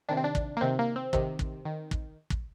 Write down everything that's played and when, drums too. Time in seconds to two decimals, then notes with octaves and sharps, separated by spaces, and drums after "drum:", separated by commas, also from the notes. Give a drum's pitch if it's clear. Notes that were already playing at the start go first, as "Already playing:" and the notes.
0.09 C3 D#3 D4
0.17 C4
0.24 D4
0.35 drum: kick
0.57 A#3
0.61 C3 D#3 C4
0.79 A#3
0.96 C4
1.13 C3 D#3, drum: kick
1.39 drum: kick
1.65 D#3
1.91 drum: kick
2.30 drum: kick